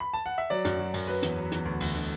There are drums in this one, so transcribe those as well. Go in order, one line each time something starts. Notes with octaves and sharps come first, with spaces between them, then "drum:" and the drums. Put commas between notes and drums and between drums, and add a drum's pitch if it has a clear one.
B5
A5
F#5
E5
F#3 D5
F#2, drum: hi-hat
F#3
F#2, drum: open hi-hat
F#3 B4
E2, drum: hi-hat
F#3
E2, drum: hi-hat
D2
D2, drum: open hi-hat
D3